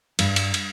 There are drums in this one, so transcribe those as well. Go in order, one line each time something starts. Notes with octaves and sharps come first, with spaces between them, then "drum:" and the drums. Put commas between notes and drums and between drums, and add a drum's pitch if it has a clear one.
G2, drum: cymbal
drum: cymbal
drum: cymbal